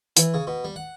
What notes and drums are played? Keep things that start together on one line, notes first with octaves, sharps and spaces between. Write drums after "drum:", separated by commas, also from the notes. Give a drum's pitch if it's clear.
E3, drum: hi-hat
C#3
B2
G3
F#5